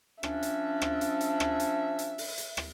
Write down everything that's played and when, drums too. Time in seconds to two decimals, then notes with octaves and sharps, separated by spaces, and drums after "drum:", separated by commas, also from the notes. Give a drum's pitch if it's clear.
0.23 F3 C#4 D4 E5, drum: rim click
0.43 drum: hi-hat
0.82 drum: rim click
1.01 drum: hi-hat
1.21 drum: hi-hat
1.40 drum: rim click
1.60 drum: hi-hat
1.99 drum: hi-hat
2.18 drum: open hi-hat
2.38 drum: hi-hat
2.57 drum: rim click